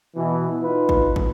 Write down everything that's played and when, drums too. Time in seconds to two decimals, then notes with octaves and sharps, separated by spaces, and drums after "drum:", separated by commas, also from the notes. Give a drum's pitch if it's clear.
0.16 B2 E3
0.62 D#4 F4 B4
0.89 drum: kick
1.16 drum: kick